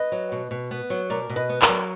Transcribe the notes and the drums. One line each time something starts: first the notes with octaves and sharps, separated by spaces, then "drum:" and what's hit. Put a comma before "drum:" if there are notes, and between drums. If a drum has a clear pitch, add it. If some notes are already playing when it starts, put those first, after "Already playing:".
Already playing: B4 D#5
F#3
B2
B2
B3
F#3
B2 A#4 D5
B2
B4 D#5
B3
A#4 D5, drum: clap
F#3